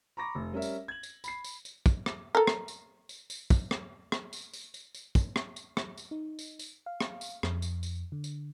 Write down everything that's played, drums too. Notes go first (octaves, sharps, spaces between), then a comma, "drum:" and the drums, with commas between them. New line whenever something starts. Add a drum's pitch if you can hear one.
A#5 B5 C#6 D6 A#6
F1
G3 C#4 A#4 E5
drum: tambourine
G#6 F#7
drum: tambourine
B5 C7, drum: tambourine
drum: tambourine
drum: tambourine
drum: kick, tambourine
drum: rim click
A4 A#4
drum: rim click
drum: tambourine
drum: tambourine
drum: tambourine
drum: kick, tambourine
drum: rim click
drum: rim click
drum: tambourine
drum: tambourine
drum: tambourine
drum: tambourine
drum: kick, tambourine
drum: rim click
drum: tambourine
drum: rim click
drum: tambourine
D#4
drum: tambourine
drum: tambourine
F5
drum: rim click
drum: tambourine
F2, drum: rim click
drum: tambourine
drum: tambourine
D3
drum: tambourine